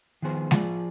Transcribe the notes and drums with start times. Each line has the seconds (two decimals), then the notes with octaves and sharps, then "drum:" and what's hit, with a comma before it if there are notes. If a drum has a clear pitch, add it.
0.22 D#3 F3 B3 G#4 C5
0.51 F3 F4 G#4 D5, drum: snare G#3